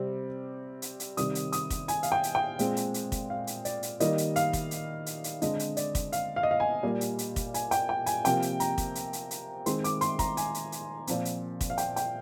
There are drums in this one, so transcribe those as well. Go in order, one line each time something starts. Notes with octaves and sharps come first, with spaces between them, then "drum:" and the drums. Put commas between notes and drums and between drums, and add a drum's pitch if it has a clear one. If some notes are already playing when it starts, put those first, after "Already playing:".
Already playing: C3 G3 C4
drum: hi-hat
drum: hi-hat
C3 D#3 G3 D#6, drum: hi-hat
drum: hi-hat
D#6, drum: hi-hat
drum: kick, hi-hat
G#5, drum: hi-hat
F5, drum: hi-hat
G5
drum: hi-hat
G5
A#2 G#3 C4, drum: hi-hat
drum: hi-hat
drum: hi-hat
drum: kick, hi-hat
F5
drum: hi-hat
D5, drum: hi-hat
drum: hi-hat
D#3 G3 A#3 D#5, drum: hi-hat
drum: hi-hat
F5, drum: hi-hat
drum: kick, hi-hat
drum: hi-hat
drum: hi-hat
drum: hi-hat
D3 G#3 C4 D#5, drum: hi-hat
drum: hi-hat
D5, drum: hi-hat
drum: kick, hi-hat
F5, drum: hi-hat
F5
D#5
F5
G#5
A#2 G3 A#3
drum: hi-hat
drum: hi-hat
drum: kick, hi-hat
G#5, drum: hi-hat
G5, drum: hi-hat
G5
G#5, drum: hi-hat
C3 F3 A#3 G5, drum: hi-hat
drum: hi-hat
A#5, drum: hi-hat
drum: kick, hi-hat
drum: hi-hat
drum: hi-hat
drum: hi-hat
D#3 G#3 C4 C6, drum: hi-hat
D6, drum: hi-hat
C6, drum: hi-hat
A#5, drum: kick, hi-hat
G#5, drum: hi-hat
drum: hi-hat
drum: hi-hat
A#2 F3 C4, drum: hi-hat
drum: hi-hat
drum: kick, hi-hat
F5
G5, drum: hi-hat
G5, drum: hi-hat